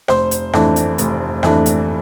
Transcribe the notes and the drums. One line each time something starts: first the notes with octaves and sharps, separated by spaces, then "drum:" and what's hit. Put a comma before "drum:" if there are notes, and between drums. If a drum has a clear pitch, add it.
F1 C5, drum: rim click
drum: hi-hat
F2 E3 A3 D4, drum: rim click
drum: hi-hat
F1, drum: hi-hat
F2 E3 A3 D4, drum: rim click
drum: hi-hat